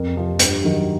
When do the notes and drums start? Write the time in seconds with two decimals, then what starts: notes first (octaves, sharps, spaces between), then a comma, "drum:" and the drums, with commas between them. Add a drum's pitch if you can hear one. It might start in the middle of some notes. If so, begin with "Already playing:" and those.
Already playing: F2 A#4
0.16 C3 F3
0.39 G2, drum: hi-hat
0.63 D#3 F#3